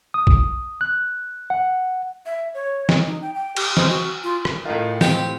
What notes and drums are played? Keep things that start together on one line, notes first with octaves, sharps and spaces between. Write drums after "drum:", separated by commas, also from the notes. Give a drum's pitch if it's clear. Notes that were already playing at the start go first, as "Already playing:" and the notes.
D#6
drum: kick A#1
F#6
F#5
E5
C#5
drum: snare
D#4
G5
G5
G4, drum: cymbal
C5, drum: snare
F#4
F4
drum: rim click
A2 D#3 F4
C4 G4, drum: snare